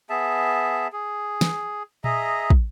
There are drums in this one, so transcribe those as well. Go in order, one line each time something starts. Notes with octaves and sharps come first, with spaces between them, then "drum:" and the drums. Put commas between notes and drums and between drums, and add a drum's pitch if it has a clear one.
B3 G#4 E5 A5
G#4
drum: snare
G#4 D#5 E5 A#5, drum: tom A#2
drum: kick